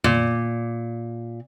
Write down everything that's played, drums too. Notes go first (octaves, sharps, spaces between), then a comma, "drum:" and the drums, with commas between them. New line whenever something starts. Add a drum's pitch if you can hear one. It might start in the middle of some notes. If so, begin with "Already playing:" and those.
A#2, drum: tom